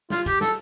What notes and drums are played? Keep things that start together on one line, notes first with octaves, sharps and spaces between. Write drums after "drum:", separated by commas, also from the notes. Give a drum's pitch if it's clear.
F4, drum: snare
G4, drum: kick, hi-hat
A4, drum: snare